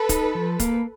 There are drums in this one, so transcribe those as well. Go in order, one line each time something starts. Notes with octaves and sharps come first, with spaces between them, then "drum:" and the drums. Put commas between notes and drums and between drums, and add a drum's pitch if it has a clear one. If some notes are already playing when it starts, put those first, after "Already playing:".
Already playing: A4 B4
D#4, drum: kick, hi-hat
F3
A#3, drum: kick, hi-hat